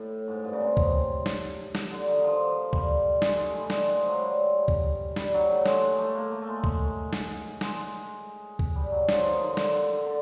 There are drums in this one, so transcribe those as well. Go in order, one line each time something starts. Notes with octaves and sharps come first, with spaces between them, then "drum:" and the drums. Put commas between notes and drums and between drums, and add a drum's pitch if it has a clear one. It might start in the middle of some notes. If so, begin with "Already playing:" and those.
Already playing: A2
G#2
G2
C#3
C3
drum: kick C#2
drum: snare
drum: snare
D3
D#3
F3
G3, drum: kick C#2
G#3, drum: snare
A3
G#3
G3
G#3, drum: snare
F3
F#3
G3
drum: kick C#2
G3, drum: snare
F#3
A3
G#3, drum: snare
A3
A#3
A3
A3
G#3
drum: kick C#2
drum: snare
G#3, drum: snare
drum: kick C#2
G3
F#3
F3, drum: snare
D#3
D#3
D3
drum: snare
D3